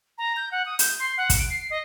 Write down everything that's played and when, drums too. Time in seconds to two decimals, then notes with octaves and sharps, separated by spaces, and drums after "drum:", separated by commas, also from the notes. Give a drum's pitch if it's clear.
0.18 A#5
0.36 G6
0.52 F#5
0.66 D#6
0.79 G6, drum: hi-hat
0.99 C6
1.18 F#5
1.30 drum: kick, hi-hat
1.39 D7
1.50 C7
1.71 D#5